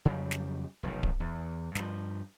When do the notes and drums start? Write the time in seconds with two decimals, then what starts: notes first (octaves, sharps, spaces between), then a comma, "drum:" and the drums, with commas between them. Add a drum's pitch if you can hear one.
0.05 F2 C#3 F#3 G3
0.31 drum: snare
0.83 F1 B1 A2 D#3
1.03 drum: kick D1
1.20 E2
1.75 G2 F3, drum: snare